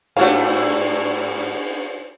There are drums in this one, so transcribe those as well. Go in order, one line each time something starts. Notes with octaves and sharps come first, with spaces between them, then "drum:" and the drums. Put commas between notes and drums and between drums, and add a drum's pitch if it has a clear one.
G#2 G3 A3 F#4 C#5 F5, drum: cymbal